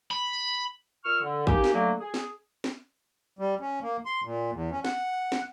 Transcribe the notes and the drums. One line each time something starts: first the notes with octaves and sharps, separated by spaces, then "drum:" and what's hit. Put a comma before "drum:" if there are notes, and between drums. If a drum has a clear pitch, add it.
B5
A#2 C#6 E6 F6
D3
A#3 C#4 D#4 G4, drum: kick
drum: snare
D3 F#3 A3 A#3
G#4
drum: snare
drum: snare
G3
C#4
A#3
C6
A#2
E2
C#4
F#5, drum: snare
drum: snare